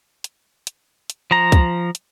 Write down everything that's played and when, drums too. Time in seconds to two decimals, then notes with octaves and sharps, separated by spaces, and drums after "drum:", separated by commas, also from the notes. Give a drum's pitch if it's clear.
0.24 drum: hi-hat
0.67 drum: hi-hat
1.10 drum: hi-hat
1.31 F3 A#5
1.52 drum: kick C2, hi-hat
1.95 drum: hi-hat